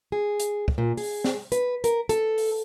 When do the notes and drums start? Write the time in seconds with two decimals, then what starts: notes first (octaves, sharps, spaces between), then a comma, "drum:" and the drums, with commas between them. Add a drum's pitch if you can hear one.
0.12 G#4
0.40 drum: hi-hat
0.68 drum: kick
0.78 A#2
0.97 G#4, drum: open hi-hat
1.24 drum: snare
1.52 B4, drum: hi-hat
1.84 A#4, drum: hi-hat
2.09 A4, drum: hi-hat
2.38 drum: open hi-hat